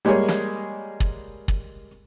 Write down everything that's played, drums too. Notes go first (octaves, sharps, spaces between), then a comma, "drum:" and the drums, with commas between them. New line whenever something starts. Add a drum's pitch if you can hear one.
G3 G#3 A#3 G#4 C#5
drum: snare
drum: kick
drum: kick